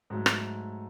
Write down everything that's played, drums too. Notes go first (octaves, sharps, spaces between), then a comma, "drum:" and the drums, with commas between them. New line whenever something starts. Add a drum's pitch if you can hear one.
G#2 F#3 A3
drum: rim click